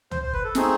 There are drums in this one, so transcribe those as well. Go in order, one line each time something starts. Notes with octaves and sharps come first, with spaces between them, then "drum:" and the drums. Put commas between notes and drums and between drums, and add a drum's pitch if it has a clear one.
C5, drum: tom C#2
C5
B4, drum: kick
A4
A3 C4 D#4 G#4, drum: snare